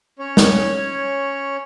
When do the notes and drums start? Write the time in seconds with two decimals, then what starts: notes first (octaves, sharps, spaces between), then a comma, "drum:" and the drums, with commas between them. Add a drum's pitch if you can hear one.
0.19 C#4 C#5
0.37 drum: snare